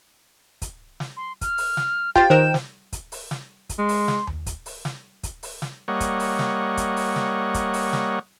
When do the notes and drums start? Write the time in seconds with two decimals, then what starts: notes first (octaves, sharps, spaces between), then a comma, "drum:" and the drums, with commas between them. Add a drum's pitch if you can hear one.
0.62 drum: kick, hi-hat
1.00 drum: snare
1.17 C6
1.41 F6, drum: kick, hi-hat
1.58 drum: open hi-hat
1.77 drum: snare
2.16 F4 G4 C5 G5 A6, drum: kick
2.30 D#3 A#4 C5 D#5 E7
2.54 drum: snare
2.93 drum: kick, hi-hat
3.12 drum: open hi-hat
3.31 drum: snare
3.69 drum: kick, hi-hat
3.79 G#3 C6
3.89 drum: open hi-hat
4.08 drum: snare
4.27 drum: tom D#2
4.46 drum: kick, hi-hat
4.66 drum: open hi-hat
4.85 drum: snare
5.23 drum: kick, hi-hat
5.43 drum: open hi-hat
5.62 drum: snare
5.88 G3 A#3 C#5 D#5 F#5
6.00 drum: kick, hi-hat
6.20 drum: open hi-hat
6.39 drum: snare
6.77 drum: kick, hi-hat
6.97 drum: open hi-hat
7.16 drum: snare
7.54 drum: kick, hi-hat
7.74 drum: open hi-hat
7.93 drum: snare